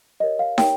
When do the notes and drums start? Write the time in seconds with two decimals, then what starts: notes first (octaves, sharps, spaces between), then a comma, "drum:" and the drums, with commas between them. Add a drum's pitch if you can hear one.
0.20 G4 A#4 C#5 D#5
0.39 F5
0.58 G4 A#4 C#5 G5, drum: snare